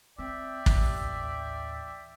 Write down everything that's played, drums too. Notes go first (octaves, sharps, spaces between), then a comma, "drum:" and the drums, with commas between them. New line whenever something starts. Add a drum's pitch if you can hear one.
C4 D5 E5 G5
A1 D#2, drum: kick